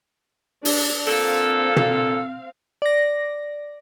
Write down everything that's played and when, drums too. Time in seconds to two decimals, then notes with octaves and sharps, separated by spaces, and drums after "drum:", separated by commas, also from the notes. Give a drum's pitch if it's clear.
0.65 D4, drum: open hi-hat
1.07 A#2 D3 C4 A4 F5
1.76 drum: tom
2.82 D5 A#6